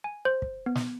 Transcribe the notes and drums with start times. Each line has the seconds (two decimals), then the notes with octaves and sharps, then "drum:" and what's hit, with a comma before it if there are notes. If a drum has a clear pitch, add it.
0.04 G#5
0.25 C5
0.42 drum: kick
0.66 B3
0.75 drum: snare